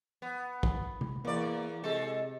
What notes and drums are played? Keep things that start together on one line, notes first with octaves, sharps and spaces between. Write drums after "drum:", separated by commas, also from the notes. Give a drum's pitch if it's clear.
B3
drum: kick
drum: tom C3
E2 A#3 D5
C3 G#3 A4